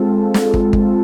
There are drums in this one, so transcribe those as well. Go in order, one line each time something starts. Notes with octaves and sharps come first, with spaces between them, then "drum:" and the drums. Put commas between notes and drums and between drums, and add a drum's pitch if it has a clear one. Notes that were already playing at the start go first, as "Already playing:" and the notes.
Already playing: G#3 C4 F4 A4
drum: snare
drum: kick
drum: kick